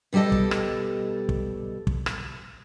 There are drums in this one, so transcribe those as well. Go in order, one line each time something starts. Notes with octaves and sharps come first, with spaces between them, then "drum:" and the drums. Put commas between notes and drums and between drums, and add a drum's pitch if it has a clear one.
B2 G3 G4 A4 D#5
drum: kick
drum: rim click
drum: kick
drum: kick
drum: rim click